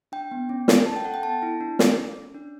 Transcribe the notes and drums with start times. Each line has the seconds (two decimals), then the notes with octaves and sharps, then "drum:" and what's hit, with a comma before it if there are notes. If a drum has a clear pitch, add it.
0.12 D4 G5
0.31 B3
0.49 C#4
0.68 C#4, drum: snare
0.86 A4 A5
0.96 G5
1.04 A4 F#5
1.14 G5
1.23 B3 A5
1.42 E4
1.61 D4
1.79 A4, drum: snare
1.97 C#4
2.16 C#4
2.35 D4